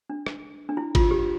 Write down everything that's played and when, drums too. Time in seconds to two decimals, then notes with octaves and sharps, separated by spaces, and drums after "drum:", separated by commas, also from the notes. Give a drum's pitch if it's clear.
0.10 D4
0.26 drum: rim click
0.69 D4
0.77 E4
0.95 F4, drum: kick G#1, cymbal
1.11 G4